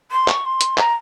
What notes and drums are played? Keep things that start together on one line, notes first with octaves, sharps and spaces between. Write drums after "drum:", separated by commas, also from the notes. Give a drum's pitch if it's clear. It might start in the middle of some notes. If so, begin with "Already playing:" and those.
C6
C#6, drum: clap
C6
drum: hi-hat
A#5, drum: clap